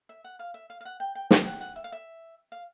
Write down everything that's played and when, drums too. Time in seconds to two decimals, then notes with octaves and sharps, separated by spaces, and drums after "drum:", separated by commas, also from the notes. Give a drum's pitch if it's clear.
0.09 E5
0.24 F#5
0.39 F5
0.54 E5
0.70 F5
0.81 F5
0.85 F#5
1.00 G5
1.15 G5
1.31 G5, drum: snare
1.46 F#5
1.61 F#5
1.76 E5
1.84 F5
1.92 E5
2.52 F5